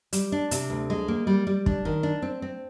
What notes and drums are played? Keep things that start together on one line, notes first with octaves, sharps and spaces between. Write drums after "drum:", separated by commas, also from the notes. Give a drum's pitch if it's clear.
G3, drum: hi-hat
D4
C3, drum: hi-hat
D2
G#3
A#3
G3
G3
D4, drum: kick
D#3
D4
C4
C4